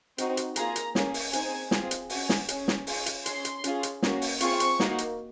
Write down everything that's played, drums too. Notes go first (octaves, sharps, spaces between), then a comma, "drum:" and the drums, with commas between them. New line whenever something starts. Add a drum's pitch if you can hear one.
C4 D#4 F#4, drum: hi-hat
drum: hi-hat
A#3 F4 G#4 A#5, drum: hi-hat
drum: hi-hat
A#3 C#4 G#4, drum: snare
drum: open hi-hat
C4 D#4 G#4 G#5, drum: hi-hat
C4 F4 G#4, drum: snare
drum: hi-hat
C#4 F#4 G#5, drum: open hi-hat
drum: snare
C#4 G#4, drum: hi-hat
drum: snare
C#4 F4 G#4, drum: open hi-hat
drum: hi-hat
C#4 G#4 C6, drum: hi-hat
drum: hi-hat
C#4 F4 G#4, drum: hi-hat
drum: hi-hat
A#3 C#4 F#4, drum: snare
drum: open hi-hat
C4 F4 G#4 C#6, drum: hi-hat
drum: hi-hat
A#3 D#4 F#4, drum: snare
drum: hi-hat